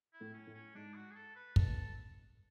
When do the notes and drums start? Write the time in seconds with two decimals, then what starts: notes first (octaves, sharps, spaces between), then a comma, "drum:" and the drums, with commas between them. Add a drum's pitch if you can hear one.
0.13 E4
0.20 A2 A3
0.33 C#4
0.47 A2 A3
0.54 C#4
0.74 G#2 G#3 D4
0.95 F#4
1.11 G#4
1.15 A4
1.36 B4
1.56 B2 B3 A4, drum: kick